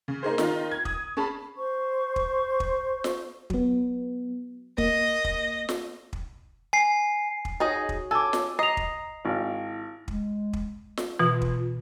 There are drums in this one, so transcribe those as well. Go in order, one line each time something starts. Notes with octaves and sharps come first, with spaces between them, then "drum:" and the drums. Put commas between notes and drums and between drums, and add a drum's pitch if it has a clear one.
C#3
A#3 D#4 G#4 C5
D#3 D#4 F4, drum: snare
G#6
D#6, drum: kick
C#4 G#4 A5 B5
C5 C#6
drum: kick
drum: kick
drum: snare
F#3 B3, drum: kick
A#3 D#5, drum: kick
drum: kick
drum: snare
drum: kick
G#5 C7
drum: kick
D#4 F#4 G#4 C#5 D#5
drum: kick
A4 G#5 D6 E6
drum: snare
D#5 A#5 C7 F7
drum: kick
G#1 E4 F5
G#3, drum: kick
drum: kick
drum: snare
B2 E3 F4
drum: kick